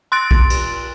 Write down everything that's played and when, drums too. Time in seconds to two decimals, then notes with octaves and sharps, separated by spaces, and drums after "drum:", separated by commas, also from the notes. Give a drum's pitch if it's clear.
0.12 C6 F#6 A6 D7
0.31 drum: kick
0.50 drum: cymbal